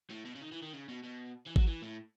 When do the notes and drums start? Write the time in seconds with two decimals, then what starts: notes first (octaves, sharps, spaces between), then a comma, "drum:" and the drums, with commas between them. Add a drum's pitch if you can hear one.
0.11 A2
0.26 B2
0.35 C#3
0.42 D#3
0.52 E3
0.62 D#3
0.73 C#3
0.89 B2
1.03 B2
1.46 E3
1.56 F#3, drum: kick G#1
1.67 E3
1.82 A2